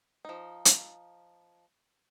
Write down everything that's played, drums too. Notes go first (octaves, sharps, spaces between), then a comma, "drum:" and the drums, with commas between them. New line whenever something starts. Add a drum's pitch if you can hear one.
F3 D#4
drum: hi-hat